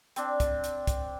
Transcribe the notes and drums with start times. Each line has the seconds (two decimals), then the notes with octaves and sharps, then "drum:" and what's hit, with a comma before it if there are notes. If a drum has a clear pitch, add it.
0.16 C4 D4, drum: hi-hat
0.40 drum: kick, hi-hat
0.64 drum: hi-hat
0.87 drum: kick, hi-hat